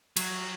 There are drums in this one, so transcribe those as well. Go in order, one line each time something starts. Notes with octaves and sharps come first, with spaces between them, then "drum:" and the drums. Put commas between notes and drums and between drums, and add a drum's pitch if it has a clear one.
F#3, drum: cymbal